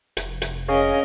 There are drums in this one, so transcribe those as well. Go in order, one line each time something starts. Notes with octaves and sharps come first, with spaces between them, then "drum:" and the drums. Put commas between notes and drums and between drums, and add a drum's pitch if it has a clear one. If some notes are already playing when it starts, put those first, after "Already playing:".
F1, drum: hi-hat
drum: hi-hat
C#4 G#4 A#4 C#5 D#5 F5 G#5